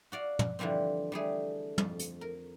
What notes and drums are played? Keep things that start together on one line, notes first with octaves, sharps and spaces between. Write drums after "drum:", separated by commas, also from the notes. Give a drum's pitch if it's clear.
F#4 D5 F5
drum: tom
D3 E3 F3 G3 C4
G3 A3 G#4
F2, drum: tom
drum: hi-hat
A#4